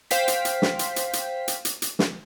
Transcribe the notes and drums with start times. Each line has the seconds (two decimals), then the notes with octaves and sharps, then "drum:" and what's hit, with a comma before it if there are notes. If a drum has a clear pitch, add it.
0.11 C5 F5 G5 B6, drum: hi-hat
0.28 drum: hi-hat
0.45 drum: hi-hat
0.62 drum: snare
0.79 drum: hi-hat
0.96 drum: hi-hat
1.13 drum: hi-hat
1.48 drum: hi-hat
1.65 drum: hi-hat
1.82 drum: hi-hat
1.99 drum: snare